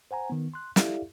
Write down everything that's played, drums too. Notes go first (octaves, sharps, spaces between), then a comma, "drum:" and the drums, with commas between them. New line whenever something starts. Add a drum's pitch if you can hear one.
C5 F#5 G#5 A#5
D#3 B3
C6 F#6
E4 G4 A4 D5 E5 F5, drum: snare